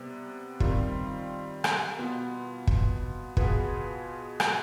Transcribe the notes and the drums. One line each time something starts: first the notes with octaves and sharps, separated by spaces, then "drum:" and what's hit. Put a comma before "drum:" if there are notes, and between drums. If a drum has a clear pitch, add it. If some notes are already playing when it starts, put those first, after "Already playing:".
Already playing: C3 G3 B3
D#3 G3 C4 F4, drum: kick
drum: rim click
B2 B3 F4
drum: kick
B2 B3 F4 G#4 B4, drum: kick
drum: rim click